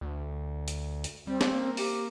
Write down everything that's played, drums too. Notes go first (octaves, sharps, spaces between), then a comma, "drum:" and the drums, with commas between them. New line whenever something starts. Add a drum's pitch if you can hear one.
D2
drum: hi-hat
drum: hi-hat
G3 C4
drum: snare
A#3
G4, drum: open hi-hat